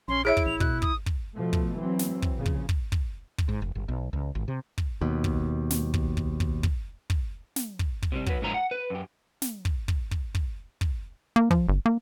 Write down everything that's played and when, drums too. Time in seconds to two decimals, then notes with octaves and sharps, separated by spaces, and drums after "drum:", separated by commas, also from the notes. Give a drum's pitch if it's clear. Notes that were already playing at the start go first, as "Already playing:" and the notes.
0.08 A#1 C#4 C6
0.25 E4 G#4 C#5 E5 D7
0.37 drum: kick
0.46 A1 F7
0.60 B2 F#6, drum: kick
0.82 D#6, drum: kick
1.06 drum: kick
1.36 B2 F3 A3
1.53 drum: kick
1.77 E3 F#3 C4
1.99 drum: snare
2.22 drum: kick
2.36 A#2 C#3 F3
2.46 drum: kick
2.69 drum: kick
2.92 drum: kick
3.38 drum: kick
3.49 G#2
3.62 F1
3.75 G1
3.88 B1
4.13 C#2
4.35 G#1
4.48 C3
4.78 drum: kick
5.01 D#2 B2
5.24 drum: kick
5.70 drum: snare
5.94 drum: kick
6.17 drum: kick
6.40 drum: kick
6.63 drum: kick
7.10 drum: kick
7.56 drum: snare
7.79 drum: kick
8.02 drum: kick
8.12 C3 E3 G3
8.26 F#3 B4, drum: kick
8.42 G#2 D3 F3 F#3 E4 A#5
8.54 F#5
8.71 B4
8.90 F#2 G4
9.42 drum: snare
9.65 drum: kick
9.88 drum: kick
10.11 drum: kick
10.35 drum: kick
10.81 drum: kick
11.36 A#3
11.51 F3, drum: kick
11.69 G1
11.86 A#3